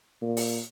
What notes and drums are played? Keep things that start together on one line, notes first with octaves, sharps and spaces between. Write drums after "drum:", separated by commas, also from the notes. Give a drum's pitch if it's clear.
A#2
drum: open hi-hat